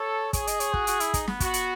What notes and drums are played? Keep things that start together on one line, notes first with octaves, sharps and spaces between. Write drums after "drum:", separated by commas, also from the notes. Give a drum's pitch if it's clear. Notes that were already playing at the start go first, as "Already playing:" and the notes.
Already playing: A4 C#5
G#4 C#5, drum: kick, hi-hat
D#5, drum: hi-hat
C#5, drum: hi-hat
F#4, drum: kick
F#4, drum: hi-hat
E4, drum: hi-hat
D#4, drum: kick, hi-hat
B3, drum: snare
F#4, drum: kick, hi-hat
drum: hi-hat